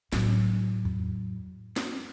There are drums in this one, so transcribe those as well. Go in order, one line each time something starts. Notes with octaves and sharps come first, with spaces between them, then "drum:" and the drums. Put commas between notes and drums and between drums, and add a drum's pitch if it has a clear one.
A2 F#3, drum: snare
drum: tom E2
drum: snare